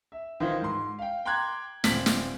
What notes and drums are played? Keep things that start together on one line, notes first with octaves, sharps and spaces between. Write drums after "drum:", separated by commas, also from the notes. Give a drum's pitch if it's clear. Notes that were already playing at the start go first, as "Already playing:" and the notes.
E5
D#3 E3 D#4 F4 C5
G#2 C6
F5 G5
G5 A#5 C6 D6 F#6 G#6
D#1 C4 B6 F#7, drum: snare
drum: snare